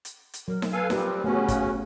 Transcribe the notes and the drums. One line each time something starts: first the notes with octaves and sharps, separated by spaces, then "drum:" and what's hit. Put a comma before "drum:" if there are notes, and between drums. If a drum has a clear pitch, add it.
drum: hi-hat
drum: hi-hat
F#3 A#4
drum: snare D#4
A4 B4 F5 G#5
F3 G3 C4 G4 A#4, drum: snare D#4
C#3 A3 B3 C#4 F#4
drum: kick, hi-hat